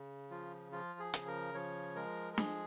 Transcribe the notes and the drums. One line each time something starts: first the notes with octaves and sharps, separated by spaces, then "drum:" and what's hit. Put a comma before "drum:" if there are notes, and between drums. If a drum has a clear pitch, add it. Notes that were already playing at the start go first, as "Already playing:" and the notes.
Already playing: C#3
F3 F4
F3 F4
G#4
C#3, drum: hi-hat
A#4
F3 C#5
G#3 A#4
A#4
F3 G#4, drum: snare